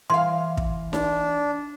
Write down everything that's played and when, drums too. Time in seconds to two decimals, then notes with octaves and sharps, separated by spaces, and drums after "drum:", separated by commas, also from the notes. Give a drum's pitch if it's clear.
0.10 E3 F5 C6
0.57 drum: kick
0.93 D4, drum: snare D#4